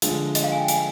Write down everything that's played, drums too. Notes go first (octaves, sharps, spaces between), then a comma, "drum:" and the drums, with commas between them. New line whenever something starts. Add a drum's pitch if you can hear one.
D3 F3 G#3, drum: hi-hat
D#5, drum: hi-hat
F5
G#5
G5
G#5, drum: hi-hat